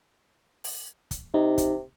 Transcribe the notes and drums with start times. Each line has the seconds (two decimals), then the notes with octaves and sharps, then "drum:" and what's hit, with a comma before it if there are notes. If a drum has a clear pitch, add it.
0.64 drum: open hi-hat
1.11 drum: kick, hi-hat
1.34 C3 D#4
1.58 drum: kick, hi-hat